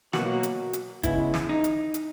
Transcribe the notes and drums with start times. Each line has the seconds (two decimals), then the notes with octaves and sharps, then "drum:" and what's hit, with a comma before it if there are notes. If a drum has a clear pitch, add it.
0.13 B2 F#3 A#3 F#4, drum: snare
0.43 drum: hi-hat
0.73 drum: hi-hat
1.03 C#3 G#3 B3 E4, drum: kick, hi-hat
1.34 drum: snare
1.49 D#4
1.64 drum: hi-hat
1.94 drum: hi-hat